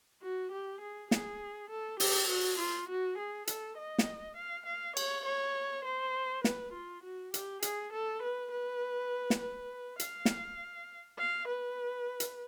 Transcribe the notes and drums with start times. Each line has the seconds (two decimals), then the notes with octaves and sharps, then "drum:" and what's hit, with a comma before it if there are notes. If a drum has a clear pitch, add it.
0.22 F#4
0.52 G4
0.81 G#4
1.11 G#4, drum: snare
1.70 A4
2.00 G4, drum: open hi-hat
2.29 F#4
2.59 F4
2.89 F#4
3.18 G#4
3.47 A4, drum: hi-hat
3.78 D#5
3.98 drum: snare
4.37 F5
4.66 F5
4.97 C#5, drum: cymbal
5.26 C#5
5.85 C5
6.44 B4, drum: snare
6.74 F4
7.04 F#4
7.34 G4, drum: hi-hat
7.62 G#4, drum: hi-hat
7.93 A4
8.23 B4
8.52 B4
9.30 drum: snare
9.40 B4
10.00 F5, drum: hi-hat
10.25 drum: snare
11.18 F5
11.48 B4
12.20 drum: hi-hat